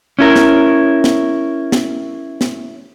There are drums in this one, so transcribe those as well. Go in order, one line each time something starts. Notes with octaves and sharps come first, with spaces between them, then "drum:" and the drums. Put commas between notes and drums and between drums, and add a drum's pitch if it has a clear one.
C#4 E4 A#4
drum: snare
drum: snare
drum: snare
drum: snare